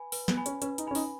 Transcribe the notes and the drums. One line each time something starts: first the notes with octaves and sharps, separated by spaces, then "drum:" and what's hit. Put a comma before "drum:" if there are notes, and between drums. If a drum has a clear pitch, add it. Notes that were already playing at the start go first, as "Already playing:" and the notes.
Already playing: B4 G#5 B5
B4, drum: open hi-hat
B3, drum: snare
G#5 B5
C#4, drum: hi-hat
C#4 B4, drum: hi-hat
D#4, drum: hi-hat
C#4 G#5 B5
D#4, drum: open hi-hat